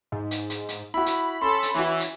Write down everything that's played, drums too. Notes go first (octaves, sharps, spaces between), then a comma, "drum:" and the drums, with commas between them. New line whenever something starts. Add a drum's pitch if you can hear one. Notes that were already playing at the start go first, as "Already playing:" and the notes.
G#2
drum: hi-hat
drum: hi-hat
drum: hi-hat
E4 F#4 B5
drum: hi-hat
C#4 A4 C6
drum: hi-hat
E3 C#4 E4 F#4
drum: hi-hat